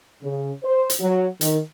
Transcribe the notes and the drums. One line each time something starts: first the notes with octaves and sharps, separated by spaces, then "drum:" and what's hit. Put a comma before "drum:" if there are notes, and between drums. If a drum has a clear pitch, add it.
C#3
C5
drum: hi-hat
F#3
D#3, drum: hi-hat